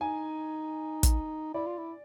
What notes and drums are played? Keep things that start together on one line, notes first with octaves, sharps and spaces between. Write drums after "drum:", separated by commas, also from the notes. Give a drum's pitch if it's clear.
D#4 G#5
drum: kick, hi-hat
E4 D5
F4
E4